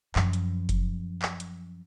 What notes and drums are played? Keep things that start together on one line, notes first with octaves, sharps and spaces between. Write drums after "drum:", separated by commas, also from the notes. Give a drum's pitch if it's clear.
F#2 F3, drum: clap
drum: hi-hat
drum: kick F1, hi-hat
drum: clap
drum: hi-hat